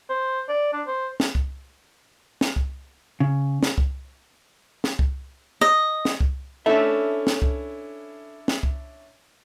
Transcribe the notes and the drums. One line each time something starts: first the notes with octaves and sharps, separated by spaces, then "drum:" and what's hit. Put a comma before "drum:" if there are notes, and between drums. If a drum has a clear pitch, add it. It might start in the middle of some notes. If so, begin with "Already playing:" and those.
C5
D5
D4
C5
drum: snare
drum: kick C2
drum: snare
drum: kick C2
C#3
drum: snare
drum: kick C2
drum: snare
drum: kick C2
D#5
drum: snare
drum: kick C2
C#4 D4 E4 A4 E5
drum: snare
drum: kick C2
drum: snare
drum: kick C2